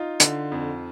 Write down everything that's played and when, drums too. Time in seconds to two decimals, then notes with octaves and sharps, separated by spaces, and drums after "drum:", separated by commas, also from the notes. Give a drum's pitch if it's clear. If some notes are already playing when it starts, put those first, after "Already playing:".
Already playing: D#4 F4
0.20 D3, drum: hi-hat
0.52 F2